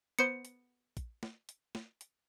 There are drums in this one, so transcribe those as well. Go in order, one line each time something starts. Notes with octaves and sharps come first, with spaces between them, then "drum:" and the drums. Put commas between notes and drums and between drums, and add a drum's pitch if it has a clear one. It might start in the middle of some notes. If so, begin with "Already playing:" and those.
B3 C5 C#7
drum: hi-hat
drum: kick, hi-hat
drum: snare
drum: hi-hat
drum: snare
drum: hi-hat